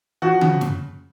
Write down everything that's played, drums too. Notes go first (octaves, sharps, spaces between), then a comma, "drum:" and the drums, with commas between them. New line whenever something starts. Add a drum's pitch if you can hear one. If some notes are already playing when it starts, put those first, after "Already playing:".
F3 F#4
C#3, drum: tom D3
drum: snare